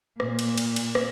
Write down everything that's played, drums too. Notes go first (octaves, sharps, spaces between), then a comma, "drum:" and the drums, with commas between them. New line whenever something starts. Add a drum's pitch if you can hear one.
A#2, drum: rim click
drum: cymbal
drum: cymbal
drum: cymbal
drum: rim click